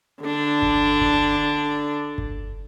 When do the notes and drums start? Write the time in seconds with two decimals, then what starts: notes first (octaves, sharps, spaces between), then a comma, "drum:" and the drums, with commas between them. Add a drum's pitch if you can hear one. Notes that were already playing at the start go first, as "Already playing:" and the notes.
0.23 D3 D4
0.62 drum: kick G1
1.01 drum: kick G1
2.18 drum: kick G1